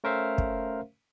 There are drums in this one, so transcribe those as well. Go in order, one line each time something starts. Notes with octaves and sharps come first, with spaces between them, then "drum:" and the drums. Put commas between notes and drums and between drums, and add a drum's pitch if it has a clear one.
A3 C#4 A#4 C5 E5 F5
drum: kick